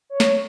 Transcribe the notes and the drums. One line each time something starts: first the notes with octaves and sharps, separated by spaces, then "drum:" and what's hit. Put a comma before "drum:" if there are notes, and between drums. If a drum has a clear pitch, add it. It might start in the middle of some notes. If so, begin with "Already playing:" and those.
C#5
drum: snare